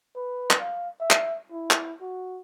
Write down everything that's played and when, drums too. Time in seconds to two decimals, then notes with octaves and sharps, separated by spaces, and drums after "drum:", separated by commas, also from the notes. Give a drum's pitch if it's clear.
0.16 B4
0.51 drum: clap
0.60 F5
1.00 E5
1.11 drum: clap
1.52 E4
1.71 drum: clap
2.01 F#4